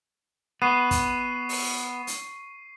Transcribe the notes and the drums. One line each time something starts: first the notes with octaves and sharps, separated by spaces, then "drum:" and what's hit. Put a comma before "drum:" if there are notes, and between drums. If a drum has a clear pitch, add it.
B3 C#6 C7 D#7
drum: kick, hi-hat
drum: open hi-hat
drum: hi-hat